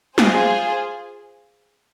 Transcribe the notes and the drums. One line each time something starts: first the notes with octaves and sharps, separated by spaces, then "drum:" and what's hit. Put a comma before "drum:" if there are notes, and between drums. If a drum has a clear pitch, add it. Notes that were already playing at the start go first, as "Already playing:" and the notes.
F4 G#4 C5, drum: snare